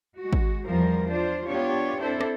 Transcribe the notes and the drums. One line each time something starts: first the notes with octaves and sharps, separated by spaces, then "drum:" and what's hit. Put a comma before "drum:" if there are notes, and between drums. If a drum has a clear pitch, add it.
G#3 F#4
drum: kick
E2 F3 G3 A#4 C5
D4 F4 C5
B3 D4 F4 G4 C#5
C4 D4 E4 A4 C5
drum: rim click